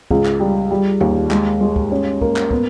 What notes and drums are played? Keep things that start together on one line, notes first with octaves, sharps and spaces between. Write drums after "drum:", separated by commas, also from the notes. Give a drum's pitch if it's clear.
C#2, drum: kick
drum: clap
G3
G3
D#2, drum: tom D#3
G#3, drum: clap
G#3
drum: kick
C#4
A#3, drum: kick
drum: clap
B3, drum: kick